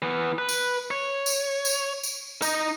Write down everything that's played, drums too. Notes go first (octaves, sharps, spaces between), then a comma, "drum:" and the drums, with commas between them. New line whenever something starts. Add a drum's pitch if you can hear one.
E3 B3
B4
drum: tambourine
C#5
drum: tambourine
drum: tambourine
drum: tambourine
D#4 D#5, drum: tambourine